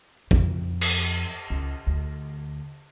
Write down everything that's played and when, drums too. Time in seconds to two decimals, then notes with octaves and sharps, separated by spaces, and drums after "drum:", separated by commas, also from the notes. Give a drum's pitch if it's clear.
0.31 F2, drum: kick
0.81 drum: cymbal
1.50 C#2
1.87 D2